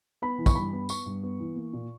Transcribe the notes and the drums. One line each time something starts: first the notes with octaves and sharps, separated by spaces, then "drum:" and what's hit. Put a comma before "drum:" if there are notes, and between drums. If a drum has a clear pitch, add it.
B3 B5
E3
C#6, drum: kick, tambourine
G2 B5
B3
B3 C#6, drum: tambourine
G2
B3
E3
A#3
A#2